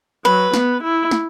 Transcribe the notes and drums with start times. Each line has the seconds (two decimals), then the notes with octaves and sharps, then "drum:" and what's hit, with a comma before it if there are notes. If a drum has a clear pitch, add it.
0.25 F#3 B4
0.54 B3, drum: snare
0.83 E4
1.11 drum: snare